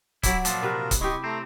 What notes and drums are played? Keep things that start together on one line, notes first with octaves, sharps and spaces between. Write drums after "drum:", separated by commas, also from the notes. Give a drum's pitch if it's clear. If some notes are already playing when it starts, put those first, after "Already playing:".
F#3 E4 D5, drum: kick C#1, hi-hat
A#2 F3 D4, drum: hi-hat
C3 F#4 A#4 B4
drum: kick C#1, hi-hat
E4 G4 D#5 C6 C#6
A3 C4 A#5